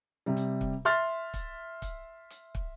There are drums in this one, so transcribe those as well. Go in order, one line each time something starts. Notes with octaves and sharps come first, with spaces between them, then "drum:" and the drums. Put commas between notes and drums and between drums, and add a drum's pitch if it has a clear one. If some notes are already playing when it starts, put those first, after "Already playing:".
C3 G3
drum: hi-hat
drum: kick
E5 C6 F6 A6, drum: hi-hat
drum: kick, hi-hat
drum: kick, hi-hat
drum: hi-hat
drum: kick